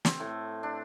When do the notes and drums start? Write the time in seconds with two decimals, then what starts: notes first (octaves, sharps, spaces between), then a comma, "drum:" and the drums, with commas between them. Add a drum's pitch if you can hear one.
0.05 C4, drum: snare
0.20 A2
0.63 D4